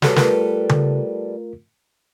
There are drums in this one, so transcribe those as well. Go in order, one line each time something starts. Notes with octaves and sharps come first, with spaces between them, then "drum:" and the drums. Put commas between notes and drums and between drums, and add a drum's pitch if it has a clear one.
G3 F#4 A4 B4 C#5, drum: snare
A3 F4 A#4, drum: snare
drum: tom C#3